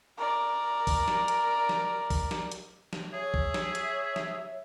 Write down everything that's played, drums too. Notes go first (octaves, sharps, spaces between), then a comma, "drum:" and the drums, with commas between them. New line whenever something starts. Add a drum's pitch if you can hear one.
A#4 D5
drum: kick A#1, open hi-hat
drum: snare
drum: hi-hat
drum: snare
drum: kick A#1, open hi-hat
drum: snare
drum: hi-hat
drum: snare
G#4 C#5 E5
drum: kick A#1
drum: snare
drum: hi-hat
drum: snare